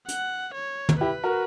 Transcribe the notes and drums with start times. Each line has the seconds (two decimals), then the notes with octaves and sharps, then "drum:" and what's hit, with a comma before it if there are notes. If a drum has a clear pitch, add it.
0.08 F#5, drum: hi-hat
0.54 C#5
0.89 drum: tom
1.01 E4 G4 B4
1.23 F#4 A#4